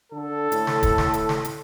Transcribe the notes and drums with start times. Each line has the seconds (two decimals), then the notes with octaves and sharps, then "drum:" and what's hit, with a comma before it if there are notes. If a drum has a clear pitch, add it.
0.12 D3 A4
0.52 A2, drum: hi-hat
0.67 drum: snare
0.83 drum: kick, hi-hat
0.98 drum: snare
1.14 drum: hi-hat
1.29 drum: snare
1.45 drum: hi-hat